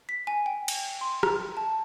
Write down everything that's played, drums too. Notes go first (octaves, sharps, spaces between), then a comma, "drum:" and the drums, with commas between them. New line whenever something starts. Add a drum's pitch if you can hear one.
B6
G#5
G5
drum: cymbal
C6
A#5, drum: rim click
A5